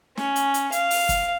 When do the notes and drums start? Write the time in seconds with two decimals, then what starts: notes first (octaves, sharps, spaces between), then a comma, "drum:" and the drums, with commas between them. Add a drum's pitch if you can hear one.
0.17 C#4, drum: snare
0.36 drum: hi-hat
0.54 drum: hi-hat
0.72 F5, drum: hi-hat
0.91 drum: open hi-hat
1.09 drum: kick, hi-hat